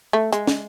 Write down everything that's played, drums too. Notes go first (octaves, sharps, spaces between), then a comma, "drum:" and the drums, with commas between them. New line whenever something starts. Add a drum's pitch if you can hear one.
A3
G#3, drum: hi-hat
drum: snare